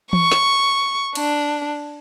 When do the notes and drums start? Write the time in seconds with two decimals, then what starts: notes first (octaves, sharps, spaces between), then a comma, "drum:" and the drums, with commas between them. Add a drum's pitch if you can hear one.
0.13 C#6, drum: tom E3
0.32 drum: snare
1.15 D4, drum: cymbal